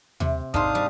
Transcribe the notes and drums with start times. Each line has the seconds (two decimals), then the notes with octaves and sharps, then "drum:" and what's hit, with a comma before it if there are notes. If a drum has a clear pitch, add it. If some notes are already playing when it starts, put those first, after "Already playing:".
0.20 C3, drum: tom D#2
0.54 G#2 D4 C5 F5 D#6, drum: kick
0.75 G3